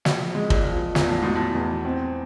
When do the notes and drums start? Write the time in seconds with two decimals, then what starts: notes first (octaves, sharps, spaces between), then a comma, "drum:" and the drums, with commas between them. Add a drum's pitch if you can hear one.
0.05 A#1 B2, drum: snare
0.35 G#3
0.50 A#2, drum: kick
0.65 F3
0.95 E2 A#2, drum: snare
1.08 A2
1.23 G#2 B2
1.36 A2
1.55 E2
1.85 C4